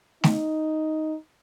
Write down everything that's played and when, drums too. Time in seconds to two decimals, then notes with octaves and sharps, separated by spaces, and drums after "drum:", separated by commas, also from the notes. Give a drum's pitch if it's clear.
0.24 D#4, drum: snare